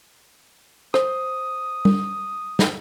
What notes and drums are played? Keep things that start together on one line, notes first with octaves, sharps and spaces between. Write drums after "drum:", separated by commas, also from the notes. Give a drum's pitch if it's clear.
C5 D#6, drum: rim click
drum: tom G3
drum: snare